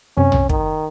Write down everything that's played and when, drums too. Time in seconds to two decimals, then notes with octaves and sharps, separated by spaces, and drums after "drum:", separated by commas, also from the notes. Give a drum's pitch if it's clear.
0.17 F#2 C3 C4 C#4
0.32 drum: tom
0.49 D#3, drum: kick